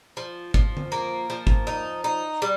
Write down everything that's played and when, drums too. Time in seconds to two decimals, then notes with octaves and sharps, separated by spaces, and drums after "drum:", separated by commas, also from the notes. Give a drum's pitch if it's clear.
0.17 F3
0.54 F3, drum: kick G1
0.77 drum: tom D3
0.92 A#3
1.30 F3
1.47 drum: kick G1
1.67 D#4
2.04 D#4
2.42 G3